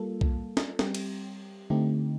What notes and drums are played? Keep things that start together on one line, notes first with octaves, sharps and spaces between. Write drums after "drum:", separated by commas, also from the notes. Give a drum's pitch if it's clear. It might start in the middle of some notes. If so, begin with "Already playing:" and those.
Already playing: G3 A#3 F4 A4
drum: kick
drum: snare
G3 C4 G4, drum: snare
drum: cymbal
D3 A3 C4 D#4 G4